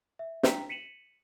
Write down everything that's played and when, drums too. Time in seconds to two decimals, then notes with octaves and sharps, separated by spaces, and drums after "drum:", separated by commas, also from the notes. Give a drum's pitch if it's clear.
0.19 E5
0.43 D4 G5 A#5 B6, drum: snare
0.69 B6 C#7 D#7 E7 F#7